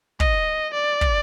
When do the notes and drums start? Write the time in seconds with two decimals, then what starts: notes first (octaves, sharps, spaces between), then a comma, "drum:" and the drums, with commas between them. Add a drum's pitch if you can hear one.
0.20 D#5, drum: kick
0.74 D5
1.01 drum: kick